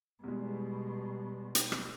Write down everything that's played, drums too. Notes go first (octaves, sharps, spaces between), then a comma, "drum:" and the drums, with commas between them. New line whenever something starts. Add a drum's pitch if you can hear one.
E2 B2 G3 G#3
drum: hi-hat
drum: rim click